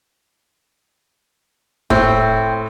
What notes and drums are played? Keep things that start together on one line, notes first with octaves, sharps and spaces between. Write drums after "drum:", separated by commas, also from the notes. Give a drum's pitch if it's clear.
A2 C4, drum: kick